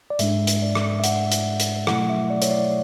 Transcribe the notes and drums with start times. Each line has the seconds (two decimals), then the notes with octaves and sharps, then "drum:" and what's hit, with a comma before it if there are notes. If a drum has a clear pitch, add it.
0.10 D5
0.19 G#2 G#3 D4 E5, drum: hi-hat
0.47 drum: hi-hat
0.62 D5
0.75 drum: rim click
1.00 E5
1.04 F#5, drum: hi-hat
1.32 drum: hi-hat
1.60 drum: hi-hat
1.87 B2 F#3 A3 E4 F#5, drum: rim click
2.09 E5
2.30 D5
2.42 C#5, drum: hi-hat
2.51 D5